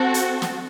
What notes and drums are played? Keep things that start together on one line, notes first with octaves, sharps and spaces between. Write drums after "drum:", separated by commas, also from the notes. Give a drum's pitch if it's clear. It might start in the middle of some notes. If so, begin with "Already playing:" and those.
Already playing: C4 F#4 A4
drum: hi-hat
drum: snare